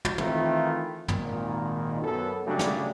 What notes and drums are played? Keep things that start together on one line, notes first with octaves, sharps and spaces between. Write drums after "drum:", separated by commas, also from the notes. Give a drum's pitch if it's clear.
drum: tom
D#3 E3 A3 C4 E4 F4, drum: tom
G#1 A#2 D#3, drum: tom
F#2 B3 A4
C#3 F#3 G3 A3 D4
drum: snare